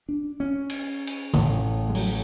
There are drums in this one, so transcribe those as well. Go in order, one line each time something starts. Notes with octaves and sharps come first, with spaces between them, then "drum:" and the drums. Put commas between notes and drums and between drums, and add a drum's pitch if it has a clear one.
D4
C#4
drum: cymbal
drum: cymbal
A1 A2, drum: tom C#3
G#3
F#3, drum: open hi-hat